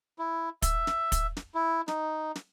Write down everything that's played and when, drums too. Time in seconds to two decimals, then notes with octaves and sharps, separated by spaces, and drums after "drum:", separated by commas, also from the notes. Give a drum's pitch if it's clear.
0.18 E4
0.62 E5, drum: kick, hi-hat
0.87 drum: snare
1.12 drum: kick, hi-hat
1.37 drum: snare
1.54 E4
1.88 D#4, drum: snare
2.35 drum: snare